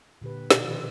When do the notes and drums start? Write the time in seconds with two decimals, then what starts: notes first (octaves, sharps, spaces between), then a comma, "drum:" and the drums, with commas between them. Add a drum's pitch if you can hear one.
0.22 A#2 D3 G4 B4
0.51 B2 D#4 D5, drum: snare
0.64 D#3 F3 F4 G4 B4 C5